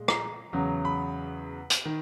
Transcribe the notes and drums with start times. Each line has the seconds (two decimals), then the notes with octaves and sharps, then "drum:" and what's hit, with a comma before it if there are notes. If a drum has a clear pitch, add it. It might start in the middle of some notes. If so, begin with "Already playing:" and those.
Already playing: A#2 G#3
0.08 A#5, drum: rim click
0.53 E2 C#3 F#3
0.85 B5
1.70 drum: hi-hat
1.85 D#3